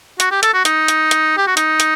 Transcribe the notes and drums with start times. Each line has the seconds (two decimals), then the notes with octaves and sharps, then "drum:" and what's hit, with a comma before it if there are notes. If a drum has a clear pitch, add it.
0.20 F#4, drum: hi-hat
0.31 G4
0.43 A4, drum: hi-hat
0.54 F#4
0.65 D#4, drum: hi-hat
0.88 drum: hi-hat
1.11 drum: hi-hat
1.37 G4
1.47 F#4
1.57 D#4, drum: hi-hat
1.80 drum: hi-hat